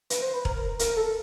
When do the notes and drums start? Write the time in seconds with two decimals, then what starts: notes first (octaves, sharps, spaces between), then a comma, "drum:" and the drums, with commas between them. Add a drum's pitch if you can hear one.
0.10 B4, drum: hi-hat
0.22 C5
0.33 B4
0.45 A#4, drum: kick E1
0.56 A#4
0.79 A#4, drum: hi-hat
0.96 A4